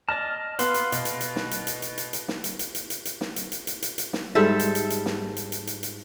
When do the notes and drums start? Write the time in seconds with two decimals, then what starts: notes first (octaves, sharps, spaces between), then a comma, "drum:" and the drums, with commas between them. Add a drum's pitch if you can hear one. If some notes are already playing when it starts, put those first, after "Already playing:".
0.09 D5 D#5 A5 F6
0.59 B3 B4 F5 C6, drum: hi-hat
0.74 drum: hi-hat
0.92 B2, drum: hi-hat
1.05 drum: hi-hat
1.21 drum: hi-hat
1.36 drum: snare
1.51 drum: hi-hat
1.67 drum: hi-hat
1.82 drum: hi-hat
1.98 drum: hi-hat
2.13 drum: hi-hat
2.28 drum: snare
2.44 drum: hi-hat
2.59 drum: hi-hat
2.75 drum: hi-hat
2.90 drum: hi-hat
3.05 drum: hi-hat
3.21 drum: snare
3.36 drum: hi-hat
3.52 drum: hi-hat
3.67 drum: hi-hat
3.82 drum: hi-hat
3.98 drum: hi-hat
4.13 drum: snare
4.35 G#2 G3 A4 E5
4.59 drum: hi-hat
4.75 drum: hi-hat
4.90 drum: hi-hat
5.06 drum: snare
5.37 drum: hi-hat
5.52 drum: hi-hat
5.67 drum: hi-hat
5.83 drum: hi-hat